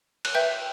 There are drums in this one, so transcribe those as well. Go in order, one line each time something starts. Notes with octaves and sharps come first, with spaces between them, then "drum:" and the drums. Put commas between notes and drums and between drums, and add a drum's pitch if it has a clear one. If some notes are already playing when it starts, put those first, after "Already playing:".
F#6, drum: cymbal
B4 E5 G5 G6